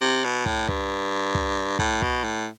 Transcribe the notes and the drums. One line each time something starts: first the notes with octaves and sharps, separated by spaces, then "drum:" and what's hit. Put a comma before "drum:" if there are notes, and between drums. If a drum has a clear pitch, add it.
C3
B2
A2, drum: kick
G2, drum: kick
drum: kick
A2, drum: kick
B2, drum: kick
A2